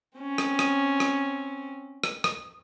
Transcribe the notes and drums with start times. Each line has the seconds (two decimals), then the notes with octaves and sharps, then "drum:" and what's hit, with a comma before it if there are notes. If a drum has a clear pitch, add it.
0.18 C4 C#4
0.38 drum: rim click
0.59 drum: rim click
1.00 drum: rim click
2.04 drum: rim click
2.24 drum: rim click